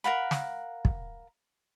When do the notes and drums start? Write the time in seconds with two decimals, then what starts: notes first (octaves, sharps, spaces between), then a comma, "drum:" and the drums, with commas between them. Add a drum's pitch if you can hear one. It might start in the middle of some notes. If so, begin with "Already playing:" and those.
0.04 A#4 F5 F#5 B5
0.31 drum: snare
0.85 drum: kick